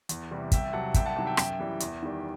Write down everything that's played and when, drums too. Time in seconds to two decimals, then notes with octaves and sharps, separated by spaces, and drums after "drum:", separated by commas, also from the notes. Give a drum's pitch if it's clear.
0.09 E2, drum: hi-hat
0.31 C3 E3 G3
0.52 C2 E5 G5, drum: kick, hi-hat
0.73 C3 F#3 F#5 A5
0.94 C2 E5 G5, drum: kick, hi-hat
1.06 F#5 A5
1.16 C3 D#3 F#3 F#5 A5
1.27 E5 G5
1.37 F#2 E5 G5, drum: rim click
1.59 E3 G3
1.80 E2, drum: hi-hat
2.02 D#3 G3